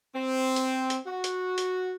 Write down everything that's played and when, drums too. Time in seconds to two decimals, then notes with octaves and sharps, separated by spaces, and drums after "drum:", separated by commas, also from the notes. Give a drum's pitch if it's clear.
0.15 C4
0.56 drum: hi-hat
0.90 drum: hi-hat
1.07 F#4
1.24 drum: hi-hat
1.58 drum: hi-hat